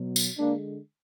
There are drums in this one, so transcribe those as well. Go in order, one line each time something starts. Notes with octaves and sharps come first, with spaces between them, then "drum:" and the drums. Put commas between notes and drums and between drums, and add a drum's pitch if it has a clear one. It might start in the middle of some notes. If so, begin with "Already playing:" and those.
Already playing: B2 F#3
drum: tambourine
D3 G#3 A#3 D4